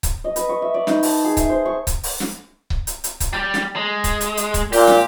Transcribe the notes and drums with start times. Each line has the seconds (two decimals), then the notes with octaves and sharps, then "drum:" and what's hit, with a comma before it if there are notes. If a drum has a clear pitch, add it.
0.03 drum: kick C#1, hi-hat
0.24 D#5
0.36 B4, drum: hi-hat
0.49 C#6
0.62 E5
0.74 D5
0.87 D#4, drum: snare
1.03 A5, drum: open hi-hat
1.24 G#4
1.37 E5, drum: kick C#1, hi-hat
1.50 C5
1.65 C#6
1.87 drum: kick C#1, hi-hat
2.03 drum: open hi-hat
2.20 drum: snare
2.70 drum: kick C#1
2.87 drum: hi-hat
3.04 drum: hi-hat
3.20 drum: kick C#1, hi-hat
3.33 G3 G4
3.54 drum: snare
3.76 G#3
4.04 drum: kick C#1, hi-hat
4.21 drum: hi-hat
4.37 drum: hi-hat
4.54 drum: kick C#1, hi-hat
4.73 A#2 G4, drum: open hi-hat
4.87 drum: snare